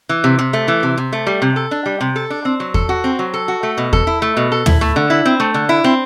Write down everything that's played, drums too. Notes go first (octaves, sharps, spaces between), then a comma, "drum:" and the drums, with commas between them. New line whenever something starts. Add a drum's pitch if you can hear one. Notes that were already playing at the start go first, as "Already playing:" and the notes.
E3
C3
C3
A3
E3
C3
C3
A3
G3
C3
A4
D4
G3
C3
A4
D4
C4
F#3
A4, drum: kick E2
F#4
C4
F#3
A4
F#4
A3
B2
A4, drum: kick E2
E4
A3
B2
A4
E4, drum: tom
A3
D3
E4
C4
A3
D3
E4
C4